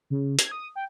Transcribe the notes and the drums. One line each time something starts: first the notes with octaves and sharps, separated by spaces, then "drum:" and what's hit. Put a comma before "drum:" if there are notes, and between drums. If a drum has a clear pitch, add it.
C#3
G#6, drum: hi-hat
D#6
G5